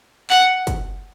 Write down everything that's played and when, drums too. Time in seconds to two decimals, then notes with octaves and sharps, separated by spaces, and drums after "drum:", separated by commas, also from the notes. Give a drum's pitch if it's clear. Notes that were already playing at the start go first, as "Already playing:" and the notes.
0.30 F#5, drum: clap
0.67 drum: kick, hi-hat